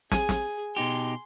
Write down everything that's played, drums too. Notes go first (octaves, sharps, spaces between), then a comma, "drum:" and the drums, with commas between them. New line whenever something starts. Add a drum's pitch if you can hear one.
G#4 G#5, drum: snare
drum: snare
B2 D#4 G4 C6